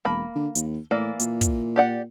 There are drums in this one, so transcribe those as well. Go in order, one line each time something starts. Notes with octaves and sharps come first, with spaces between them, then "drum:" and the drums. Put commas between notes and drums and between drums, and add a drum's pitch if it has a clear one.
E1 A#3 B5
D3
D#2, drum: hi-hat
A2 E3 A#3 D5
A#2, drum: hi-hat
drum: kick, hi-hat
G4 D5 F#5